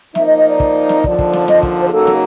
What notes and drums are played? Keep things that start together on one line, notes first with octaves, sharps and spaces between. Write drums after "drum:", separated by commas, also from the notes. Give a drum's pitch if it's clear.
F3 A#3 D#4 E5, drum: snare
D#5
D#5
D5
drum: kick
drum: snare
D#2 D3 F3 D5, drum: kick
drum: kick
drum: snare
D#5, drum: snare
drum: kick
C5
G#4
C#3 F#3 A#3 D#4 F#4 A4
drum: snare